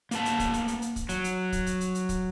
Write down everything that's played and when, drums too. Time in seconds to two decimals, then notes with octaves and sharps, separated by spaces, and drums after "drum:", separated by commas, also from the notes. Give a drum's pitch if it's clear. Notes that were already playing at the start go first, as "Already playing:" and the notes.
0.11 A#3 B3 A5, drum: hi-hat
0.25 drum: hi-hat
0.40 drum: kick, hi-hat
0.54 drum: hi-hat
0.68 drum: hi-hat
0.82 drum: hi-hat
0.96 drum: kick, hi-hat
1.09 F#3, drum: hi-hat
1.24 drum: hi-hat
1.52 drum: kick, hi-hat
1.67 drum: hi-hat
1.81 drum: hi-hat
1.95 drum: hi-hat
2.09 drum: kick, hi-hat